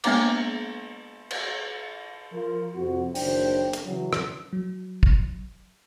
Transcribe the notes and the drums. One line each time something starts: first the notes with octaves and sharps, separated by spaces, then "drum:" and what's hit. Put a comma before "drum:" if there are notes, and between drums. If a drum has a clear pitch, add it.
G#3 A#3 B3 D4 A#5 D6, drum: cymbal
drum: cymbal
F3 F4 A#4
F2 C3 F#4
F#1 D#2 D4 C5 G5, drum: open hi-hat
drum: hi-hat
C#3 E3 F#3
drum: rim click
F#3
drum: kick